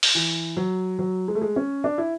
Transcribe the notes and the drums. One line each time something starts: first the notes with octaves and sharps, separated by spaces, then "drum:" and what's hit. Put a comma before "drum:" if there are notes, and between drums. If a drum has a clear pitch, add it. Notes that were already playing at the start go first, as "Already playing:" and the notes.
drum: open hi-hat
E3
F#3
F#3
G#3
A3
G#3
C#4
D4
E4